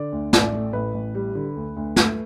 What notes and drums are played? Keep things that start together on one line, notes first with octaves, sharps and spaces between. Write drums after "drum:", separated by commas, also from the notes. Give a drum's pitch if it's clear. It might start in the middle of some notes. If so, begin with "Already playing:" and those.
Already playing: D3 D5
D2
A1 D5, drum: snare
A3
A1 B4
A1
G3
D3
D2
D2
A3, drum: snare